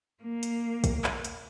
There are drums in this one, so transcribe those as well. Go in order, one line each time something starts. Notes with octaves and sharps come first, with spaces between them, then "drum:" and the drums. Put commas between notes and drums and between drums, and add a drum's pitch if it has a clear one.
A#3
drum: hi-hat
drum: kick, hi-hat
drum: clap
drum: hi-hat